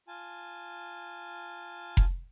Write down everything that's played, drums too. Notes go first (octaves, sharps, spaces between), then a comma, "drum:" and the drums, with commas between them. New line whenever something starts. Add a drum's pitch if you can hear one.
F4 G#5 A5
drum: kick F1